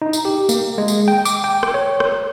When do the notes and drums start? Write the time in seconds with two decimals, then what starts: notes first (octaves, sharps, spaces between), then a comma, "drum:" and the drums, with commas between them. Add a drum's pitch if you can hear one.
0.02 D#4
0.13 drum: tambourine
0.25 G4
0.49 A#3, drum: tambourine
0.78 G#3
0.88 drum: tambourine
1.08 G5
1.25 D6, drum: tambourine
1.44 G5
1.63 drum: rim click
1.74 C#5
2.00 drum: rim click